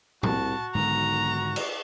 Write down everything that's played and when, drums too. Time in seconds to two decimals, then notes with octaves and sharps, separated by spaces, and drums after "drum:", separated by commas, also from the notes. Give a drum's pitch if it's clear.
0.23 C2 F#4 A5, drum: tom A2
0.75 B1 G#2 D3 D#3 A#5
1.56 drum: cymbal